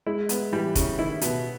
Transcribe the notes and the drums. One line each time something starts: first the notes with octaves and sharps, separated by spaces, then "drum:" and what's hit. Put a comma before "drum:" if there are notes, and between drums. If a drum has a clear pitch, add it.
G#3 E4
B3, drum: hi-hat
E3 G3
C#3, drum: kick, hi-hat
D#3 E4
B2 B3, drum: hi-hat